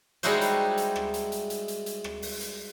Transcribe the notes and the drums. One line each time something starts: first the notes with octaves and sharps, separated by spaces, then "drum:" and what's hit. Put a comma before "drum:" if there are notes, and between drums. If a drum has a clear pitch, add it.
G3 G#3 D#4 E4 F#4 C5, drum: hi-hat
drum: hi-hat
drum: hi-hat
drum: rim click
drum: hi-hat
drum: hi-hat
drum: hi-hat
drum: hi-hat
drum: hi-hat
drum: rim click
drum: open hi-hat
drum: hi-hat